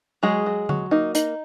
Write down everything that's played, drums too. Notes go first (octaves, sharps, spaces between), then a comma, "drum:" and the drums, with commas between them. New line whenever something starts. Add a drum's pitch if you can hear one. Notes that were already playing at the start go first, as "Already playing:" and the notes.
F#3 G#3 G#4
F#3
F#3, drum: tom D3
A#3 D#4
D#4, drum: hi-hat